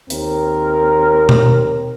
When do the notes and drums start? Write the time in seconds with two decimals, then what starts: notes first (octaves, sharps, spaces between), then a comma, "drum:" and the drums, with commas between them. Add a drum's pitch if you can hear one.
0.10 D#2 C4 A#4, drum: hi-hat
1.29 drum: tom B2